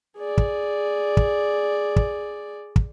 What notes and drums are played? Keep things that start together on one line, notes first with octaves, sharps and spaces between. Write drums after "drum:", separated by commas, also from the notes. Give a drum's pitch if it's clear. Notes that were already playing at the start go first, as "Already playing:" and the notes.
G#4 D5
drum: kick
drum: kick
drum: kick
drum: kick